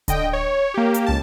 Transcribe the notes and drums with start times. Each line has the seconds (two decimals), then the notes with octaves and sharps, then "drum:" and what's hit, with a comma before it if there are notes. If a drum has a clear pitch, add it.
0.08 D3 D#5 G5, drum: kick D1, hi-hat
0.33 C#5
0.74 A#3 G4
0.94 drum: hi-hat
1.06 C#2 A5